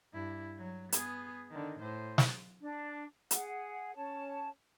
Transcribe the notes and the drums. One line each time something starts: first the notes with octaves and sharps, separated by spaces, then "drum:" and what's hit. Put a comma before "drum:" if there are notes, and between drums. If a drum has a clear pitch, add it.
G2 E4
F#3
B3 G#4, drum: hi-hat
D3 D#3
A2 C5
drum: snare
D4
G#4 F#5, drum: hi-hat
C#4 C#5 A5